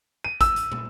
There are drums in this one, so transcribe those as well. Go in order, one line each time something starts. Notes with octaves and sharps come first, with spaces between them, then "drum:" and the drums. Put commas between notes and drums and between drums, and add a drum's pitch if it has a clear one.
D#7
E6, drum: kick G#1, hi-hat
drum: hi-hat
drum: tom